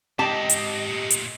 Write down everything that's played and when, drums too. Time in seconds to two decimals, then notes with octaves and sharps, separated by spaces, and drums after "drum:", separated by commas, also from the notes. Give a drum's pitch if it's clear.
0.19 G#2 C4 G4 D#5 A5
0.49 drum: hi-hat
0.88 A#2 A3
1.10 drum: hi-hat